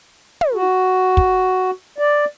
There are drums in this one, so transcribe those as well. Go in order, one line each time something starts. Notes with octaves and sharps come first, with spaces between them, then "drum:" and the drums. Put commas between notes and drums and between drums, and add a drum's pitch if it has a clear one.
drum: tom
F#4
drum: kick
D5